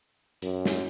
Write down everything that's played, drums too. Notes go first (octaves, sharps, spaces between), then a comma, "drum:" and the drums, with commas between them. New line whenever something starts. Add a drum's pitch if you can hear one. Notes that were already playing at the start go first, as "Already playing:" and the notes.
F#2, drum: hi-hat
drum: snare